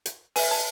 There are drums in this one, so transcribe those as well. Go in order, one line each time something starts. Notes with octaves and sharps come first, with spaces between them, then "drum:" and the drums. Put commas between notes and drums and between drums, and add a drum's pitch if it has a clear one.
drum: hi-hat
B4 E5 G#5, drum: open hi-hat
A5